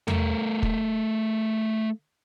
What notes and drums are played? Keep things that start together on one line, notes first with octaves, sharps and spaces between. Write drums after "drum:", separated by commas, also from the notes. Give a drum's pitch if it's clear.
A3 A#4, drum: tom E2
drum: kick